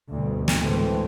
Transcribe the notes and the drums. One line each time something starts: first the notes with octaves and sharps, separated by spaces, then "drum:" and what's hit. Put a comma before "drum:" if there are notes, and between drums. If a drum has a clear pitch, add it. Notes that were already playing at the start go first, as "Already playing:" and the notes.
D2 G2 B2
drum: snare
D2 A2 E3 G#3 A3 C4